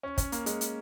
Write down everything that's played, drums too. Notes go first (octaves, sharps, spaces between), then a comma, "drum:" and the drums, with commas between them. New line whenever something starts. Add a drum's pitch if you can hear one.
C#4
C#4, drum: kick, hi-hat
A#3, drum: hi-hat
G#3, drum: hi-hat
drum: hi-hat